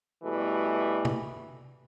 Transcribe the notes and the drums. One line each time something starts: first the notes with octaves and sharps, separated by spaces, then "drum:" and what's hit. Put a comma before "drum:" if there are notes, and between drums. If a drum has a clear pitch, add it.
B2 E3 G3 A3
drum: tom C3